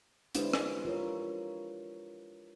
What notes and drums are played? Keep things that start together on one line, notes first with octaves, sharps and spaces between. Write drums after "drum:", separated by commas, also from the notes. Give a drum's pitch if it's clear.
G#3 D4 E4 G4 B4 C5, drum: hi-hat
drum: rim click
F4 A#4 C#5